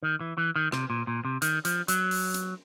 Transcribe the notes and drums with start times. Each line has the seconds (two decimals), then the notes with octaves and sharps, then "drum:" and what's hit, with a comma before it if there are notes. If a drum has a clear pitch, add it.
0.03 D#3
0.21 E3
0.38 E3
0.56 D#3
0.72 C3, drum: rim click
0.90 A#2
1.07 A#2
1.25 C3
1.42 D#3, drum: hi-hat
1.65 F3, drum: hi-hat
1.88 F#3, drum: hi-hat
2.11 drum: open hi-hat
2.34 drum: hi-hat